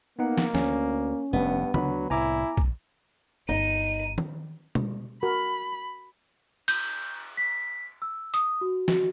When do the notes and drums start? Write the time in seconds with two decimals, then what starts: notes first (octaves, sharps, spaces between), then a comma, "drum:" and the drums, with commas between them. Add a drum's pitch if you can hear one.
0.19 A#3 B3 D#4 F#5
0.38 drum: snare
0.55 D2 C#4, drum: snare
1.33 F1 G2 B3
1.74 D2 F#3 C#4 D4 B5, drum: tom C#3
2.10 C2 A2 E4 G#5 A#5 D6
2.57 drum: kick
3.49 G1 D#4 D#7
4.18 drum: tom D#3
4.75 drum: tom
5.23 F#4 A#4 B5
6.68 G6, drum: cymbal
7.37 B6
8.02 E6
8.34 D#6, drum: hi-hat
8.61 F#4
8.88 F#4, drum: snare